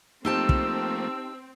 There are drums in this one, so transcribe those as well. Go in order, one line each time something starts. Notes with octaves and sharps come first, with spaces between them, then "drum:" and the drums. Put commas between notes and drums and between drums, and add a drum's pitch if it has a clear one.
F3 A3 A#3 C4 D#4 G4 A5 E6
drum: kick